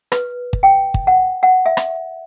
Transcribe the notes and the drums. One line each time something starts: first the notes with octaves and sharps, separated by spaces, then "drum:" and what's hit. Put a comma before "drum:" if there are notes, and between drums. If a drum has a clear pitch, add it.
B4, drum: rim click
drum: kick
G5
drum: kick
F#5
F#5
E5
drum: rim click